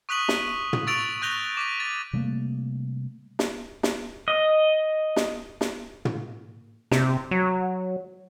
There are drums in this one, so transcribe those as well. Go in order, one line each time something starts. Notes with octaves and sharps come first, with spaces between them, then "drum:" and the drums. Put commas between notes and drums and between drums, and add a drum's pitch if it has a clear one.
C#6 D#6 F#6 B6 D#7 F#7
drum: snare
drum: tom
C#6 E6 A6 D7 F7 F#7
C#6 F#6 G6 A#6 F7 G7
D6 B6 D#7
A6
C3 G3 A3 A#3
drum: snare
drum: snare
D#5
drum: snare
drum: snare
drum: tom
C3, drum: snare
F#3